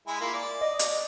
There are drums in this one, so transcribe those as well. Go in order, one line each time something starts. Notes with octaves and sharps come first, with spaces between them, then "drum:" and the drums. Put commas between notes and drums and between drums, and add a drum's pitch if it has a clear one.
G#3 E4 G#5
A#3 E4 F4
D5 D6
D#5
drum: hi-hat